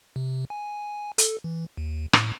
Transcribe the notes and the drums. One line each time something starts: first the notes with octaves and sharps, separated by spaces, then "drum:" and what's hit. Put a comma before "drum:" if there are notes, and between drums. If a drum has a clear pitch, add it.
C3
G#5
A4, drum: hi-hat
E3
D#2
A2, drum: rim click